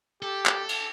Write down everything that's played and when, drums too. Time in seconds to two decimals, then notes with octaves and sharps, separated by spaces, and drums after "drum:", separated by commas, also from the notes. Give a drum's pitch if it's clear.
0.23 G4 A4
0.46 drum: clap
0.69 drum: cymbal